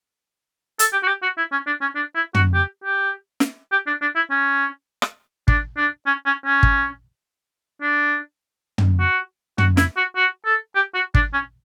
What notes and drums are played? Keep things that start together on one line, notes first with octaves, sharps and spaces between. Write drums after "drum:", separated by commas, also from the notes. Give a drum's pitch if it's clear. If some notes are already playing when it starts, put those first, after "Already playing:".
A4, drum: hi-hat
G4
F#4
G4
F#4
E4
C#4
D4
C#4
D4
E4
F#4, drum: tom
G4
G4
drum: snare
G4
D4
D4
E4
C#4
drum: rim click
D4, drum: kick
D4
C#4
C#4
C#4
drum: kick
D4
drum: tom
F#4
F#4, drum: tom
E4, drum: snare
F#4
F#4
A4
G4
F#4
D4, drum: kick
C#4